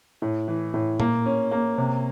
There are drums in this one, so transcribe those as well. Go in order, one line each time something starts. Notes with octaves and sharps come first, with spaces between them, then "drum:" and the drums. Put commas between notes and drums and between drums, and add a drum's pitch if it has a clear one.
A2
E3
A2
A#3, drum: tom A#2
C#4
A#3
C3